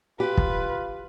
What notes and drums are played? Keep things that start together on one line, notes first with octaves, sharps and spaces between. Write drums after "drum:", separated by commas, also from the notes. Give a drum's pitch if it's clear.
F4 G4 B4
drum: kick